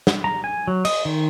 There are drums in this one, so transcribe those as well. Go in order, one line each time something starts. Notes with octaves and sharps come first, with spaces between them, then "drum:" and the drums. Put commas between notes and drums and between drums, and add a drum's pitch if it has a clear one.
drum: snare
A#5
G#5
F#3
D#5, drum: cymbal
D#3